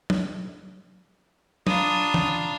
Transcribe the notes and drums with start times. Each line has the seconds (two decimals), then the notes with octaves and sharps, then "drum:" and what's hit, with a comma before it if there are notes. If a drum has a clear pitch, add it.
0.10 drum: tom
1.67 D4 F4 F5 A#5 B5 D#6, drum: tom
2.14 drum: tom